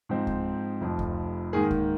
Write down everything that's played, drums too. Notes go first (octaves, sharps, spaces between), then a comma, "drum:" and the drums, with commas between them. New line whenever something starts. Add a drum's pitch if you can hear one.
G#2 F3 C4 D#4
drum: kick C#2
F1 F2 F3
drum: kick C#2
G#2 D#3 A#3 G#4
drum: kick C#2